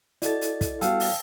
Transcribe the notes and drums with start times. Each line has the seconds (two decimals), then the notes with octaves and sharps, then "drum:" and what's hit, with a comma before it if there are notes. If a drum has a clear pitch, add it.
0.22 E4 F#4 A4 D5 D#5 A6, drum: hi-hat
0.41 drum: hi-hat
0.61 drum: kick, hi-hat
0.81 G3 B3 F#4 F5 G5 A5 E6, drum: hi-hat
1.00 drum: open hi-hat